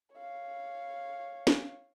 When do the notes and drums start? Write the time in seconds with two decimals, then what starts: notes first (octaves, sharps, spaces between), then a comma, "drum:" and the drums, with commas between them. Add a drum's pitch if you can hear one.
0.15 C#5 F5
1.47 drum: snare